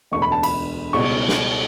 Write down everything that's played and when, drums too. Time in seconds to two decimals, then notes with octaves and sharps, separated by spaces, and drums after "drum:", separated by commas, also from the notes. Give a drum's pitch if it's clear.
0.12 E1 D2 D3 C#6
0.22 B5
0.32 A5
0.43 B5, drum: cymbal
0.93 C#2 B2 G3 C#6, drum: cymbal
1.28 drum: snare